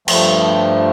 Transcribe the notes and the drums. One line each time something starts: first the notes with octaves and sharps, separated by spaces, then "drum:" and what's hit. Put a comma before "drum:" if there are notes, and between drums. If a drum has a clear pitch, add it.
G2 F3 A3, drum: cymbal